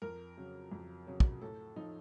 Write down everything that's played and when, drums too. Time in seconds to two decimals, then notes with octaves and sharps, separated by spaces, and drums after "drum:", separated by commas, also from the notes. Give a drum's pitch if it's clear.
0.02 F2 A#4
0.37 C#3 F#3
0.72 F2
1.07 C#3 F#3
1.20 drum: kick
1.41 A2 A4
1.76 F3 D#4